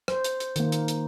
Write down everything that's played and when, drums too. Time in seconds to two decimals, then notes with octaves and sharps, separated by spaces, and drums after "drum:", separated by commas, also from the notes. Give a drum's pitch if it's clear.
0.08 C5, drum: rim click
0.24 drum: hi-hat
0.40 drum: hi-hat
0.56 D#3 A#3, drum: hi-hat
0.72 drum: hi-hat
0.88 drum: hi-hat